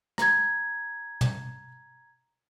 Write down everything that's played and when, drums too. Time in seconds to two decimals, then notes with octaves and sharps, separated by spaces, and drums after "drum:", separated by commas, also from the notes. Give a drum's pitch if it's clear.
0.18 A#5 G#6, drum: rim click
1.21 drum: tom